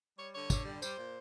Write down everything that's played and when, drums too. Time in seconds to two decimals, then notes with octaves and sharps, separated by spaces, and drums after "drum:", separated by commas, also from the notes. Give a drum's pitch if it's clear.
0.18 G3 C#5
0.34 D3 C#5
0.50 D3, drum: kick, tambourine
0.66 G3
0.82 G3 C5, drum: tambourine
0.97 A#2